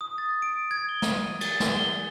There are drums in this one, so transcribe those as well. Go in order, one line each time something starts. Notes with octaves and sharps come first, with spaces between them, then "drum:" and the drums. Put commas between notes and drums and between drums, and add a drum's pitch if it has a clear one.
D#6
A6
D7
G#6
G7
drum: snare
D#7
A6, drum: cymbal
drum: snare
G7